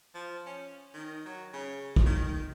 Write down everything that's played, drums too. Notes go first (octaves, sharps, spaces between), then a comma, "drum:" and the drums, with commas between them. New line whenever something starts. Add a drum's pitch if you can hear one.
F3
C#4
D#3
F#3
C#3
drum: kick
D#3